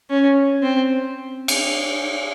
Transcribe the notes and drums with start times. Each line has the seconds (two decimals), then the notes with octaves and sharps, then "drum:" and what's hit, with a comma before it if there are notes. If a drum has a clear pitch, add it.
0.10 C#4
0.62 C4
1.48 drum: cymbal